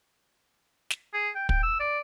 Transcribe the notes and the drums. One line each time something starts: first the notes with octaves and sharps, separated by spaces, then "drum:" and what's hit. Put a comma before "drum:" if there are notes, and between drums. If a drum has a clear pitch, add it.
drum: snare
G#4
G5
G5, drum: kick
E6
D5